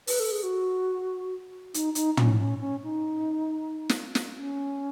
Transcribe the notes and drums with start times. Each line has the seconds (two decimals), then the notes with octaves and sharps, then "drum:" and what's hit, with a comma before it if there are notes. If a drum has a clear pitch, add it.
0.07 B4, drum: open hi-hat
0.20 A4
0.31 G#4
0.43 F#4
1.74 D#4, drum: hi-hat
1.95 D#4, drum: hi-hat
2.17 C#4, drum: tom
2.39 C#4
2.60 C#4
2.83 D#4
3.89 drum: snare
4.15 drum: snare
4.35 C#4